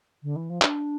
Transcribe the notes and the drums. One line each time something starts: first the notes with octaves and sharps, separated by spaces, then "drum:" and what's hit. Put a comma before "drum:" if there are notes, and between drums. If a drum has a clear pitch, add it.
D3
E3
F3
D4, drum: clap